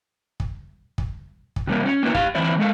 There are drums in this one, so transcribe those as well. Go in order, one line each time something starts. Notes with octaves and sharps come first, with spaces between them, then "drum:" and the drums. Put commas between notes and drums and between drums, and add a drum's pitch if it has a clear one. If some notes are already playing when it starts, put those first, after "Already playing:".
drum: kick
drum: kick
drum: kick
C3 G3 A#3
C#4
A#3 B3 D#4 E4
G4 F5, drum: kick
D3 E3 C4 E4 D5
G#3 A4 F5